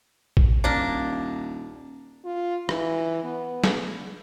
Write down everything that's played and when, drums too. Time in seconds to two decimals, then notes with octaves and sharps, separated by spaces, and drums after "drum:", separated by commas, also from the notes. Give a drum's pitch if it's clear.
0.37 drum: kick A#1
0.64 D#1 A#3 D4
2.25 F4
2.69 E3, drum: rim click
3.24 B3
3.64 drum: snare